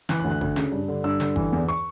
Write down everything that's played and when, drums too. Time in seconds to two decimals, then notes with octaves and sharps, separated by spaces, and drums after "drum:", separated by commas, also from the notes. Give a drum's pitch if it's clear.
0.09 E3 F#6, drum: snare
0.20 F#6
0.24 D2
0.30 F#6
0.41 D2, drum: kick G1
0.56 C#3, drum: snare
0.72 G2
0.88 D3
1.04 G2 E6
1.20 D3, drum: snare
1.36 E3, drum: kick G1
1.52 E2
1.69 C#6